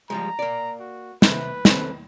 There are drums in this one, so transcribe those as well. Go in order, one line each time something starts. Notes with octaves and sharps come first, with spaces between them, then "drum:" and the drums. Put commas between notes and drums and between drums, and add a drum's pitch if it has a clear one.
F3 G3 G#3 A#5
A#3 D5
F#4
C3 C4 B4, drum: snare
C#3 C4 A4, drum: snare